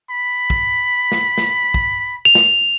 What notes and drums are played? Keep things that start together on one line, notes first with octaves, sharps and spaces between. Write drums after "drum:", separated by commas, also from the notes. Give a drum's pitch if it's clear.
B5
drum: kick
drum: snare
drum: snare
drum: kick
F7
drum: snare